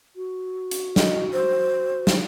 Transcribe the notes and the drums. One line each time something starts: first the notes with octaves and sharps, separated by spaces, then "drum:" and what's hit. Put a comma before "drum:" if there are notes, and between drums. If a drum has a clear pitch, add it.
F#4
drum: hi-hat
D#5, drum: snare
C5
drum: snare